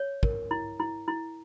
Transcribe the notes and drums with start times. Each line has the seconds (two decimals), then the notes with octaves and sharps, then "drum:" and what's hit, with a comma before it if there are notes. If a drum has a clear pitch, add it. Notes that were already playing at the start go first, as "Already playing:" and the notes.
Already playing: C#5
0.23 A#4, drum: kick
0.51 E4
0.79 E4
1.08 E4